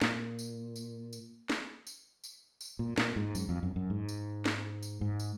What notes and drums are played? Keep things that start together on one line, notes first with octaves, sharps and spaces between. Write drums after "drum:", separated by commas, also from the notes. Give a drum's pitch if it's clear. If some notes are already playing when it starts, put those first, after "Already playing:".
A#2, drum: snare
drum: tambourine
drum: tambourine
drum: tambourine
drum: snare
drum: tambourine
drum: tambourine
drum: tambourine
A#2
A#2, drum: snare
G#2
F#2, drum: tambourine
F2
F#2
F#2
G#2
drum: tambourine
drum: snare
drum: tambourine
G#2
drum: tambourine